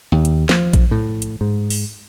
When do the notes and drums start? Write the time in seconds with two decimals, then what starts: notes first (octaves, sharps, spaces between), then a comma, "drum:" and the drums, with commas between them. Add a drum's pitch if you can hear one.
0.12 D#2
0.25 drum: hi-hat
0.49 F3, drum: snare
0.73 drum: kick A#1, hi-hat
0.91 A2
1.22 drum: hi-hat
1.41 G#2
1.70 drum: open hi-hat